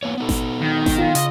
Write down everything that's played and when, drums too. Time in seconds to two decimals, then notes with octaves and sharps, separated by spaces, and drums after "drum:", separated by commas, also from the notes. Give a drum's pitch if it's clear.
0.03 A#3 B3 C#5
0.18 B3 D#4 A4
0.29 drum: snare G#1
0.62 D#3
0.86 drum: snare G#1
0.98 F4
1.15 C#3 D#5, drum: hi-hat